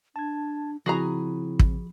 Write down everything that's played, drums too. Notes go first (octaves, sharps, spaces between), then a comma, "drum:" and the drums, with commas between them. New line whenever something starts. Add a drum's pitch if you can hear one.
D4 A5 G#6
C#3 F3 C4 E4 F#4 G#4 A#5 B5
drum: kick